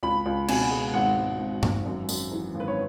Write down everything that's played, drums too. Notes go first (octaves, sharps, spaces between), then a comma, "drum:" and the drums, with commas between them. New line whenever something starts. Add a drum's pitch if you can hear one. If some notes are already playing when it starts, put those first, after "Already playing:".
C#2 B5
C#2
B2 G#5, drum: cymbal
G#3
G#1 F#5
G#1
G#1
G#1, drum: tom G2
F#2
F#2, drum: tambourine
E3
G#1
B4
C#5